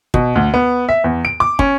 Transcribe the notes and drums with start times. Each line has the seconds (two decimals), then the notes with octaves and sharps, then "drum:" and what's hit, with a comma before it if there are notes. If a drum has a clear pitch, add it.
0.14 B2, drum: kick
0.36 D2
0.54 B3
0.89 E5
1.04 E2
1.25 D7
1.40 D6
1.59 C#4, drum: kick